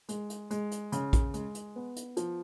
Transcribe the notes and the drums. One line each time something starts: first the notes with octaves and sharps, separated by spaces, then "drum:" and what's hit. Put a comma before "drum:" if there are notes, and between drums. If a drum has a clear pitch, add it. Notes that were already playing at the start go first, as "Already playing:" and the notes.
G#3, drum: hi-hat
drum: hi-hat
G#3, drum: hi-hat
drum: hi-hat
C#3, drum: hi-hat
drum: kick A#1, hi-hat
G#3, drum: hi-hat
drum: hi-hat
B3
drum: hi-hat
F3, drum: hi-hat